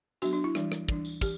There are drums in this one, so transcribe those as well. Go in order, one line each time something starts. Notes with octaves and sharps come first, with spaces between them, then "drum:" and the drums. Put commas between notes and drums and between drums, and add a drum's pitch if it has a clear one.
F#3 B3 D4 F#4, drum: tambourine
D4
E4
E3 G3 D4, drum: rim click
drum: rim click
E3 G3 D4, drum: kick
drum: tambourine
E3 G4, drum: kick, tambourine